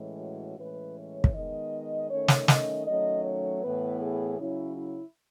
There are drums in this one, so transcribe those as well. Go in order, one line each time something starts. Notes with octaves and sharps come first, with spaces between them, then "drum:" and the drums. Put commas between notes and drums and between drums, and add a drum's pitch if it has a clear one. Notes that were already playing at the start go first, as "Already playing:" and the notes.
Already playing: A2 E3 G#3 C#4
F#4
A2 E3 G#3 C#4 B4
C#5
drum: kick
D#3 G#3 B3 D#5
D#3 A3 C#4 C#5
drum: snare
D#5, drum: snare
D#3 F#3 A3 C#4 D#5
C#5
A2 E3 B3 B4
G#4
C#3 F#3 C#4 E4
E4